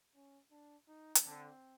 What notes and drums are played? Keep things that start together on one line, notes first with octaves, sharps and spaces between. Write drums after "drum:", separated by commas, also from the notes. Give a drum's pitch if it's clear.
C#4
D4
D#4
drum: hi-hat
D3 C4